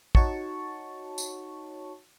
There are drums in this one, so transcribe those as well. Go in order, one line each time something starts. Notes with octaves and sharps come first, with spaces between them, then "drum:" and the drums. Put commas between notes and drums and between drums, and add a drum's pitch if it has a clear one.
D#4 F#4 C#5 A5 C#6, drum: kick
drum: tambourine